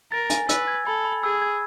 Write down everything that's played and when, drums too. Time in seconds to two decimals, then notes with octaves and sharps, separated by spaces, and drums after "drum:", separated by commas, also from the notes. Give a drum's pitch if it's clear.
0.12 A#4 A6
0.30 G#5, drum: hi-hat
0.49 B4 E6, drum: hi-hat
0.68 G#6
0.87 A4 B5
1.05 B5
1.23 G#4 E6
1.42 G#6